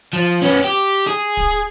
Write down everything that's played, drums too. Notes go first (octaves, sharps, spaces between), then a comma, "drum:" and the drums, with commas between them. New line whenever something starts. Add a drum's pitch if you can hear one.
F3
B3 C#4
G4
G#4
drum: kick D1